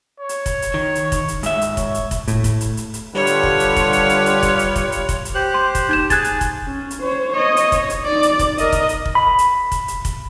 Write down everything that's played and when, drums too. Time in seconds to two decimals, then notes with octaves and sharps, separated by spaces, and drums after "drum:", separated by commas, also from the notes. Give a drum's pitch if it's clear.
0.20 C#5
0.29 drum: hi-hat
0.46 drum: kick F1, hi-hat
0.62 drum: hi-hat
0.74 D#3
0.95 drum: hi-hat
1.12 drum: kick F1, hi-hat
1.28 drum: hi-hat
1.43 G#2 E5, drum: hi-hat
1.61 drum: hi-hat
1.77 C#5, drum: kick F1, hi-hat
1.94 drum: hi-hat
2.11 drum: kick F1, hi-hat
2.28 A2, drum: hi-hat
2.44 drum: kick F1, hi-hat
2.61 drum: hi-hat
2.77 drum: hi-hat
2.94 drum: hi-hat
3.15 D3 G3 F4 G4 B4 C#5
3.27 drum: hi-hat
3.43 drum: kick F1
3.60 drum: hi-hat
3.76 drum: kick F1, hi-hat
3.93 drum: hi-hat
4.09 drum: hi-hat
4.26 drum: hi-hat
4.42 drum: kick F1, hi-hat
4.59 drum: hi-hat
4.76 drum: kick F1, hi-hat
4.92 drum: hi-hat
5.09 drum: kick F1, hi-hat
5.25 drum: hi-hat
5.35 G4 C5 F#6
5.54 C6
5.75 drum: kick F1, hi-hat
5.89 D#4 G6 E7
6.10 G#4 A5 F#6 G#6 A6, drum: kick F1, hi-hat
6.24 drum: hi-hat
6.41 drum: kick F1, hi-hat
6.66 C#4
6.91 drum: hi-hat
7.02 C5 C#5
7.32 C#5 D#5
7.57 drum: hi-hat
7.72 C#5, drum: kick F1, hi-hat
7.90 drum: hi-hat
8.03 D#4 D5
8.23 drum: hi-hat
8.39 drum: kick F1, hi-hat
8.58 A#4 D#5, drum: hi-hat
8.72 drum: kick F1, hi-hat
8.89 drum: hi-hat
9.05 drum: kick F1
9.15 B5
9.39 drum: hi-hat
9.72 drum: kick F1, hi-hat
9.88 drum: hi-hat
10.05 drum: kick F1, hi-hat